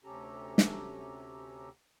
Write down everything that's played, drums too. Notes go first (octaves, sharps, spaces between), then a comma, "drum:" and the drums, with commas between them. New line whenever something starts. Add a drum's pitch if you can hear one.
D2 C3 C#4 G4 A4 A#5
drum: snare